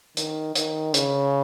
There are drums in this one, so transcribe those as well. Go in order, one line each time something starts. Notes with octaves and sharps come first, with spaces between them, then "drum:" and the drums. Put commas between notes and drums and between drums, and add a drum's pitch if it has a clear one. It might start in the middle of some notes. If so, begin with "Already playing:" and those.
D#3, drum: hi-hat
D#3, drum: hi-hat
C#3, drum: hi-hat